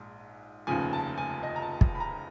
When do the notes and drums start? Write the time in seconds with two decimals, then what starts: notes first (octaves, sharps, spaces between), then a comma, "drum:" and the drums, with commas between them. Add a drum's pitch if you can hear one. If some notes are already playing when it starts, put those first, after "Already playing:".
Already playing: A#1 G#2
0.67 F1 D#2 C#3 F3 G#5
0.93 A5
1.18 G#5
1.43 D#5
1.56 A#5
1.62 A5
1.81 drum: kick
1.95 B5
2.00 A#5